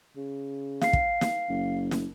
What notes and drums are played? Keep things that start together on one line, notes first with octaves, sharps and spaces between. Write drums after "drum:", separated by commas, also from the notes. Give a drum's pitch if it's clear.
C#3
F5 C7, drum: snare
drum: kick
drum: snare
F#1
drum: snare